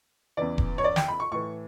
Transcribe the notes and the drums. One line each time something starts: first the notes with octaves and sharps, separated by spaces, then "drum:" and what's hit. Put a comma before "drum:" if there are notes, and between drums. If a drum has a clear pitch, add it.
E2 C#3 E3 D5
drum: kick E1
C#5
D5
G5, drum: snare
B5
C#6
A2 E3 C#6